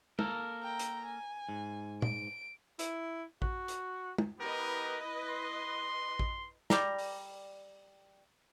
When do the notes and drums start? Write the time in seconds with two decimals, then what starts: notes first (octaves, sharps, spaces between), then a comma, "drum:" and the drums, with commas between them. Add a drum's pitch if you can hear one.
0.19 A#3 A4 A#4, drum: tom
0.63 G5 A#5
0.79 drum: hi-hat
1.05 G#5
1.49 G#2
2.02 D7, drum: tom
2.79 E4, drum: hi-hat
3.42 F#4, drum: kick A1
3.68 drum: hi-hat
4.18 drum: tom
4.39 B3 E4 G4 A#4 B4 D#5
5.28 C6
6.19 drum: kick A1
6.70 G3 D5 A#5, drum: snare
6.98 drum: open hi-hat